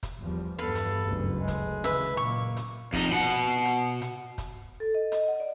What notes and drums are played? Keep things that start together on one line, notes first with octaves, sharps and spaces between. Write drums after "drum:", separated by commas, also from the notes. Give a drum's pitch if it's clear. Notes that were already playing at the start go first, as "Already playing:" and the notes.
drum: kick, hi-hat
E2 F3 G3
E2 G2 B3 A4 B4 F5
drum: hi-hat
F#1 D2
G#3
drum: kick, hi-hat
C#3 E3 B4 E5, drum: hi-hat
F#1 A#2 A#3 C#6
drum: hi-hat
F2 D#4, drum: kick, hi-hat
B2 F#5
drum: hi-hat
drum: hi-hat
drum: hi-hat
drum: kick, hi-hat
A4
D#5
D#5, drum: hi-hat
F#5
D5